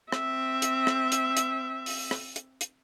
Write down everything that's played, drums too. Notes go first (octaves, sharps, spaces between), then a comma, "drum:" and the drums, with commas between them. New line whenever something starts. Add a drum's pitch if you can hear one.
C4 E5, drum: rim click
drum: hi-hat
drum: rim click
drum: hi-hat
drum: hi-hat
drum: open hi-hat
drum: rim click
drum: hi-hat
drum: hi-hat